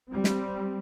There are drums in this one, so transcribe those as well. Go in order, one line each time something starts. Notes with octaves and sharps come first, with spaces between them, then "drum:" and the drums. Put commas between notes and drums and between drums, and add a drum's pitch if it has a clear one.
G3 C4
drum: snare